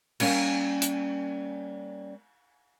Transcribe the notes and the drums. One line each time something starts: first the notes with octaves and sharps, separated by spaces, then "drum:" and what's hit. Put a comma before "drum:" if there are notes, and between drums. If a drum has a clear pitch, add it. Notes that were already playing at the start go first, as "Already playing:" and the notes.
G3 A#3 C#4 G#5, drum: cymbal
drum: hi-hat